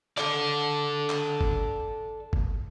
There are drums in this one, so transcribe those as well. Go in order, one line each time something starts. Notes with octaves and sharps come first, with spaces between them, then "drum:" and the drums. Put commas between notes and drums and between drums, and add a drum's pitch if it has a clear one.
A4 D5, drum: clap
drum: clap
drum: kick G1
drum: kick G1